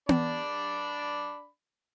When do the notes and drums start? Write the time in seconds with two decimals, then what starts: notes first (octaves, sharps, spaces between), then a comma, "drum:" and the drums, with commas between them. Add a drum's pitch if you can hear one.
0.09 D4 D5 B5, drum: tom B3